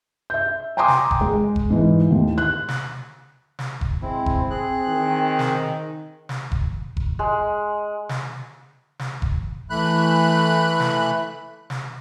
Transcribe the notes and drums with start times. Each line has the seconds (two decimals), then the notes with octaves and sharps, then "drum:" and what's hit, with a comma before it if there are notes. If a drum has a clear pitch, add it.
0.30 E5 G6
0.77 G5 G#5 A#5 C6 D6 D#6
0.88 drum: snare
1.11 drum: kick F1
1.21 G#3
1.56 drum: kick F1
1.70 G#2 E3
2.10 D#2 A2
2.38 F#6
2.68 drum: snare
3.59 drum: snare
3.81 drum: kick F1
4.02 G#3 C4 E4
4.26 drum: kick F1
4.50 C4 G#4 F#6
4.88 D#3
5.39 drum: snare
6.29 drum: snare
6.52 drum: kick F1
6.97 drum: kick F1
7.19 G#3
8.09 drum: snare
8.99 drum: snare
9.22 drum: kick F1
9.70 E3 A3 B5 F#6
10.80 drum: snare
11.70 drum: snare